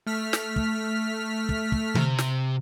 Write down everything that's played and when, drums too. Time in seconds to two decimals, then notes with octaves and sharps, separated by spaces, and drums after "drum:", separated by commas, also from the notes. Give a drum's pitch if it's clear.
0.07 A3 F6 B6
0.33 drum: snare
0.56 drum: kick
1.49 drum: kick
1.72 drum: kick
1.95 C3, drum: tom D3
2.18 drum: snare